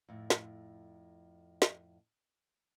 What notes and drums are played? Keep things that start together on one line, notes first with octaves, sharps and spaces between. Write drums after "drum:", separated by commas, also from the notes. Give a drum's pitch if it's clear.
F2 A2
drum: snare
drum: snare